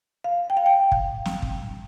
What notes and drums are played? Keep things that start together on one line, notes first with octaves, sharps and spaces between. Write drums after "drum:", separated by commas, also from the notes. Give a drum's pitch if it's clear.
F5
G5
F5
G5
drum: kick
drum: snare
drum: kick